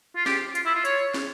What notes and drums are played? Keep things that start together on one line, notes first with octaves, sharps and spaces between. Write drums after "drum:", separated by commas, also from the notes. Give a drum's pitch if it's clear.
F4
G4, drum: snare
F4, drum: hi-hat
E4
F4
C#5, drum: hi-hat
drum: snare